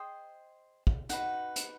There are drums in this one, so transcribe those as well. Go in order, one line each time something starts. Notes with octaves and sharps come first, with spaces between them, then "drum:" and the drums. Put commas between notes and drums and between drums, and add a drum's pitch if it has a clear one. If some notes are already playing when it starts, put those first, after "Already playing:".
Already playing: G#4 C5 D#5 G5
drum: kick
D#4 F#4 B4 F#5, drum: hi-hat
drum: hi-hat